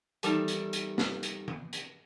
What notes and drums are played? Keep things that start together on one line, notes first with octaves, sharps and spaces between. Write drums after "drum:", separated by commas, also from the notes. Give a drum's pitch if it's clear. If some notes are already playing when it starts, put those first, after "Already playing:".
E2 D#3 G3 A4 A5, drum: hi-hat
drum: hi-hat
drum: hi-hat
drum: snare
drum: hi-hat
drum: tom D#3
drum: hi-hat